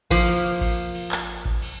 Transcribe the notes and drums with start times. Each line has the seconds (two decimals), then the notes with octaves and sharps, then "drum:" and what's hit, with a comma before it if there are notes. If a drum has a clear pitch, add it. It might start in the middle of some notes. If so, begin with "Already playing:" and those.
0.10 F3 A#3, drum: kick G#1
0.27 drum: cymbal
0.61 drum: kick G#1, cymbal
0.95 drum: cymbal
1.12 drum: clap
1.45 drum: kick G#1
1.62 drum: cymbal